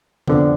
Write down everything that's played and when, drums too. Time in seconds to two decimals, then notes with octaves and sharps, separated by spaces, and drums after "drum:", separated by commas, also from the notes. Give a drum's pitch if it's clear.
0.28 F2 D3 F3 B3, drum: tom B2